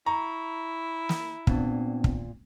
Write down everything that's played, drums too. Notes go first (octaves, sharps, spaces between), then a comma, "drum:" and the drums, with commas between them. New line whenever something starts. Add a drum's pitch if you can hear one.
E4 A#5 C#6
drum: snare
A#2 B3 C4 D4, drum: kick
drum: kick